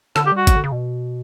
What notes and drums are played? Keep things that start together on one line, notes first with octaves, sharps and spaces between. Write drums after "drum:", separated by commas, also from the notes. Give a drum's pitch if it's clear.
D3 A4, drum: rim click
G4
G3
F#4
F#3, drum: kick, hi-hat
D3
C#3
B2